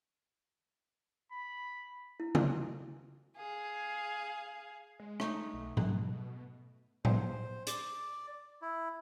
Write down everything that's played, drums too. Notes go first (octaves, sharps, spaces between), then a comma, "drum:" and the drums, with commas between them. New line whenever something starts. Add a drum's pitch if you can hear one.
B5
E4
F#4, drum: tom C#3
G#4 F5
G#3
A3 D#4, drum: rim click
B1
B2, drum: tom G#2
C5, drum: tom A2
D5, drum: hi-hat
E4